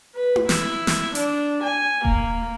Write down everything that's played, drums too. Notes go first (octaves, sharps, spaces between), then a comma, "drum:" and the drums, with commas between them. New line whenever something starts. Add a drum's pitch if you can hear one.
B4
drum: tom E4
E4, drum: snare
drum: snare
D4, drum: hi-hat
G#5
A#3, drum: kick D#1